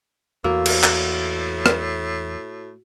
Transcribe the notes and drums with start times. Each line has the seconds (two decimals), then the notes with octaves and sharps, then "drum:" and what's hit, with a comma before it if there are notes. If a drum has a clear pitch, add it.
0.44 E2 A2 A#3 F#4 E6
0.66 drum: cymbal
0.83 drum: clap
1.66 drum: rim click